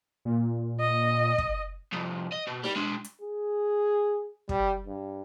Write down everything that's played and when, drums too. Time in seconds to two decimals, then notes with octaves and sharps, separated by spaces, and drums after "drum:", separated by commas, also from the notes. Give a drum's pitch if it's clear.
0.25 A#2
0.81 D#5
1.38 drum: kick
1.93 C2 F2
2.32 D#5
2.47 B2
2.64 G3, drum: snare D#4
2.76 G#3 D4
3.04 drum: hi-hat
3.22 G#4
4.49 G3, drum: kick
4.86 G2